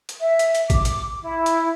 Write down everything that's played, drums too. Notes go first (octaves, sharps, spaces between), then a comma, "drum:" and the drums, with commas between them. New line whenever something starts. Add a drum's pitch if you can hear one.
drum: hi-hat
E5
drum: hi-hat
drum: hi-hat
D6, drum: kick A1, hi-hat
drum: hi-hat
E4
drum: hi-hat